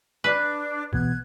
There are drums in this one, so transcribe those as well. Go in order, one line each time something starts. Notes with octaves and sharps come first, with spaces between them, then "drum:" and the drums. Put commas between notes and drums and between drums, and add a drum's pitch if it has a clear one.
D4 B4
B2 E3 B3 F#6 G#6, drum: kick A#1